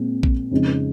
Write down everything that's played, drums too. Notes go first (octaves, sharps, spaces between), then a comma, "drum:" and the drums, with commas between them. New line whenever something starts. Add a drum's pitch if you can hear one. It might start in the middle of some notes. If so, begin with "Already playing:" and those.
Already playing: A#2 G#3 C4
drum: kick A#1
F2 C#3 G#3 D#4